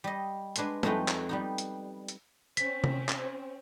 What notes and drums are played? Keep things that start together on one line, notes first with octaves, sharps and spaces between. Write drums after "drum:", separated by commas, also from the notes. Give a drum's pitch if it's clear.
G3 D#5
G#3 D4 B4 G#5 C6, drum: hi-hat
F2 G#3 A3 D#4 B4 G5, drum: tom
drum: clap
G3 B3 D#4
drum: hi-hat
drum: hi-hat
C4 C#4 B6, drum: hi-hat
drum: tom C3
drum: clap